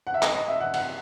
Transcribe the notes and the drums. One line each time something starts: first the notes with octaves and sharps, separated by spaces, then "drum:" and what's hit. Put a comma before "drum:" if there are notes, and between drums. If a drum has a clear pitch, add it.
F#5
E5
D#5, drum: clap
D#5
E5
F#5
F#5, drum: cymbal